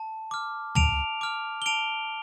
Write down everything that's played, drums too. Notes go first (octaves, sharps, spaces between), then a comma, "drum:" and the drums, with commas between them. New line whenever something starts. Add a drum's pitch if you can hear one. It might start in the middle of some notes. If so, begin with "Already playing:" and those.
Already playing: A5
D6 F6
A5 D7 F7, drum: tom
D6 F6
G7
A5 D7 F7